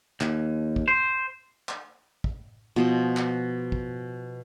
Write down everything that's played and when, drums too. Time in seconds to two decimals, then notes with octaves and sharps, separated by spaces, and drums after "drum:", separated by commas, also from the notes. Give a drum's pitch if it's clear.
0.21 D#2, drum: clap
0.76 drum: kick
0.88 C5
1.69 drum: clap
2.24 drum: kick
2.76 B2 F3 D#5
3.17 drum: clap
3.72 drum: kick